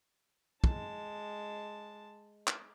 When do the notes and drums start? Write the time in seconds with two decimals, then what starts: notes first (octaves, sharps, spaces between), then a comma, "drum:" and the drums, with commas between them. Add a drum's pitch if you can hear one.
0.64 G#3 A5, drum: kick
2.47 drum: clap